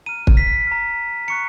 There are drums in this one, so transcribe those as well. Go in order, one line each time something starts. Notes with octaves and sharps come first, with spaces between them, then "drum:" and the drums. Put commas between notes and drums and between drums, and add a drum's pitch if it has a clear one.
A#5 F6 D#7
drum: kick
B6
A#5 F6
A#5 C#6 F#6 C#7